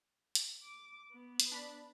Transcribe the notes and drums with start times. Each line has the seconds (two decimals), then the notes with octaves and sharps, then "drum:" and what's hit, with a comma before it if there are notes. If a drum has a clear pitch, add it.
0.35 drum: hi-hat
0.63 D6
1.12 B3
1.40 drum: hi-hat
1.52 D4 B5